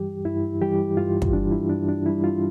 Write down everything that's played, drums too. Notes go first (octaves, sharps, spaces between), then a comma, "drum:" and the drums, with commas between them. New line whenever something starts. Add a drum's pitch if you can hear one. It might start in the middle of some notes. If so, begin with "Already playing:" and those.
Already playing: G2 E3 G3 G4
G2 E4
E3 G3 G4
G2 F4
drum: kick
E3 G3 D4
E4
G2 D4
D4
E3 G3 E4
F4